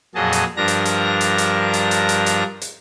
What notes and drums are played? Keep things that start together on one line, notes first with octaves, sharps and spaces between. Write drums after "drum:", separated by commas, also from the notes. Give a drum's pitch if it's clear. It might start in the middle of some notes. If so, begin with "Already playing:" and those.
F2 A#2 F#3 G#4 D#5 A5
drum: hi-hat
G2 F3 D4 A#4 A#5 A#6
drum: hi-hat
drum: hi-hat
drum: hi-hat
drum: hi-hat
drum: hi-hat
drum: hi-hat
drum: hi-hat
drum: hi-hat
drum: hi-hat